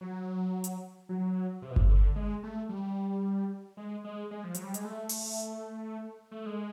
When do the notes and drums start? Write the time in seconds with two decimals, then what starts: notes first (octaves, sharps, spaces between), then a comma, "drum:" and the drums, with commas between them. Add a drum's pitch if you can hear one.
0.01 F#3
0.64 drum: hi-hat
1.09 F#3
1.62 C3
1.70 B2
1.76 C3, drum: kick G1
1.89 D3
2.16 G#3
2.43 A3
2.69 G3
3.77 G#3
4.04 G#3
4.31 G#3
4.44 F3
4.54 F#3, drum: hi-hat
4.64 G3
4.74 G#3, drum: hi-hat
4.84 A3
5.09 drum: open hi-hat
6.31 A3
6.46 G#3